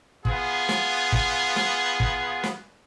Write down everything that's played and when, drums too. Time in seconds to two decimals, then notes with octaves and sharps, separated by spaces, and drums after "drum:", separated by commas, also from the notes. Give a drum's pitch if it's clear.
0.25 B3 F4 G#4, drum: kick
0.69 drum: snare
1.12 drum: kick
1.56 drum: snare
2.00 drum: kick
2.43 drum: snare